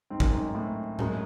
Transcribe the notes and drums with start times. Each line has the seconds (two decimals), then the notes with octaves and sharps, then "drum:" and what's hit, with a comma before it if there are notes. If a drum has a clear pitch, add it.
0.10 G#2 C4
0.20 F#2, drum: kick
0.29 G#2
0.55 A2
0.99 F#2 G#3, drum: tom A2